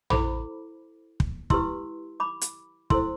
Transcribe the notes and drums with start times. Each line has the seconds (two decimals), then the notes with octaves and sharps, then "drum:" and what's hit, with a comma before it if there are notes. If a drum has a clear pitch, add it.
0.10 E4 A4 C5 B5 D6, drum: tom
1.20 drum: kick
1.50 E4 G4 B4 C6 E6, drum: kick
2.20 B5 D6
2.41 drum: hi-hat
2.90 E4 A4 C5 C6 E6, drum: kick